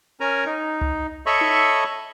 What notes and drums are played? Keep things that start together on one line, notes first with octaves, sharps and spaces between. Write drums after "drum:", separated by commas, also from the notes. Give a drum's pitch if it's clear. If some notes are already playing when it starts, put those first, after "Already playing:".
C#4 A#4 G#5 A#5
D#4
drum: tom C2
A4 C#5 D#5 E5 B5 C#6
drum: tom D#4